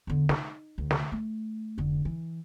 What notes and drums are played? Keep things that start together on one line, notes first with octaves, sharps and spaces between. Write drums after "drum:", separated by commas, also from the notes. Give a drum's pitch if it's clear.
E2 D3
D#4, drum: snare
D2
drum: snare
A3
F1 D3
E3